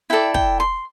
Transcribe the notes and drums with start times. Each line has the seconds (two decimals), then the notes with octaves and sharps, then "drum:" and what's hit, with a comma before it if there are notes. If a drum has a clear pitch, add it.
0.10 E4 A4 D5 G5
0.34 G5, drum: kick
0.60 C6